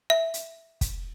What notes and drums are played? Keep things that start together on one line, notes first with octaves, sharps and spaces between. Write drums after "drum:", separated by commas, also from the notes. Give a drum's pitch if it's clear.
E5
drum: hi-hat
drum: kick, hi-hat